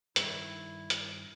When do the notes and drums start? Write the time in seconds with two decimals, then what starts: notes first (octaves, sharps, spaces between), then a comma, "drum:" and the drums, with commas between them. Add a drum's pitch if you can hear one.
0.16 G2 D#3 E4, drum: hi-hat
0.90 drum: hi-hat